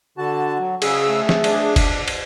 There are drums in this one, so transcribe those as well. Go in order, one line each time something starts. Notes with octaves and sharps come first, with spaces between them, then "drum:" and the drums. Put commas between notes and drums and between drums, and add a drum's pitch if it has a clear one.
D3 F#4 A5
F#3
C#3 G#4 E6, drum: cymbal
A3
drum: snare
D4, drum: cymbal
drum: kick F1, cymbal
drum: cymbal